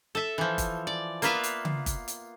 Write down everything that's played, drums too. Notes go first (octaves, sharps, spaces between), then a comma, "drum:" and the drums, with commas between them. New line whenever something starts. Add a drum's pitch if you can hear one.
A4 E5
E3 F3
drum: kick, hi-hat
D5
A#3 B3 F4 B4 E5 F5, drum: hi-hat
drum: hi-hat
drum: tom C#3
drum: kick, hi-hat
drum: hi-hat